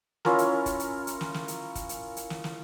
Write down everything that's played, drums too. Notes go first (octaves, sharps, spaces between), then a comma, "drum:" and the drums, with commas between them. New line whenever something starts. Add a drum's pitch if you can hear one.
C#4 E4 F4 A#4, drum: snare
drum: hi-hat
drum: kick, hi-hat
drum: hi-hat
drum: hi-hat
drum: snare
drum: snare
drum: hi-hat
drum: kick, hi-hat
drum: hi-hat
drum: hi-hat
drum: snare
drum: snare